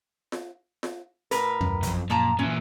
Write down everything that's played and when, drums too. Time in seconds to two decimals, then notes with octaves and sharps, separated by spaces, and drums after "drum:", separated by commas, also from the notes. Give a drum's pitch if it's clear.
0.32 drum: snare F4
0.83 drum: snare F4
1.31 A2 A#4 B4, drum: hi-hat
1.61 F#2, drum: tom D#2
1.83 C2 F2, drum: kick, hi-hat
2.10 A#2 F3 A5 A#5
2.39 A#2 E3 C#4